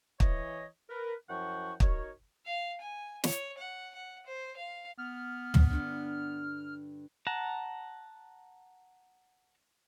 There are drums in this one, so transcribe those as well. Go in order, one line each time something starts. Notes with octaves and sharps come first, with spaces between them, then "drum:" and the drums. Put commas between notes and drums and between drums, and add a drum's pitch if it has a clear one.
E3 C#5 D#5, drum: kick
A#4 B4
F#2 F3 E4 F#5 G5 C#6
D#4 F#4 A#4 C#5, drum: kick
F5
G#5
C#5, drum: snare
F#5
F#5
C5
F5
B3 F6
drum: tom
G2 D3
F#5 A5 A#5